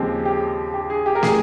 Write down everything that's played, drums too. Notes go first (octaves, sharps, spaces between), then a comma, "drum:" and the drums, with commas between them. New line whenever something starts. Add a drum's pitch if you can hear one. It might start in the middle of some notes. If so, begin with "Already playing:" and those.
Already playing: D#2 C#3 F3 G#3 C4 G4
G4
G4
G#4
G4
A#4
G#4, drum: snare